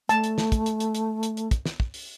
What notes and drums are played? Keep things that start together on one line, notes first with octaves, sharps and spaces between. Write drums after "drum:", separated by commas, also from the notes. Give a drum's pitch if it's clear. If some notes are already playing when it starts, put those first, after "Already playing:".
A3 A5, drum: hi-hat
drum: hi-hat
drum: snare
drum: kick, hi-hat
drum: hi-hat
drum: hi-hat
drum: hi-hat
drum: hi-hat
drum: hi-hat
drum: kick, hi-hat
drum: snare
drum: kick
drum: open hi-hat